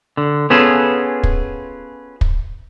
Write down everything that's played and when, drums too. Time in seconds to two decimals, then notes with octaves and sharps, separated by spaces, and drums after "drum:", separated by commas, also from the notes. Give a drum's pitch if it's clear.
0.17 D3
0.50 B3 C#4 F4 G#4 A4
1.23 drum: kick
2.21 drum: kick